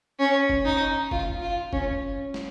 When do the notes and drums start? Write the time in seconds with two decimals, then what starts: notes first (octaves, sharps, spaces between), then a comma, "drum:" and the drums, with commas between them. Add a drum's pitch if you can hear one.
0.19 C#4
0.49 drum: kick F#1
0.65 D#4
1.11 F4, drum: kick F#1
1.42 F4
1.73 C#4, drum: kick F#1
2.34 drum: snare